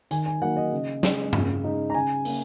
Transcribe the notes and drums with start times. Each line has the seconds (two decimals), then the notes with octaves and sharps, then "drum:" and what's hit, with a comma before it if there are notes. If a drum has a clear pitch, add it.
0.11 D#3 G#5, drum: hi-hat
0.26 G#5
0.42 F#3 A#3 D#4 F#5
0.57 D#5
0.72 C#3
1.03 G#3 C#4, drum: snare
1.33 C#3, drum: tom G2
1.64 G#3 D#4
1.90 A#5
1.94 C#3 G#5
2.25 A#3 C#4, drum: open hi-hat